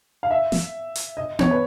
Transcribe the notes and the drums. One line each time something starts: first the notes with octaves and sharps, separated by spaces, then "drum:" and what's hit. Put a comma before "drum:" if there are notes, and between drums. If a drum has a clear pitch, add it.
F5
E5
drum: snare
drum: hi-hat
D#5
C#5, drum: tom B3
B4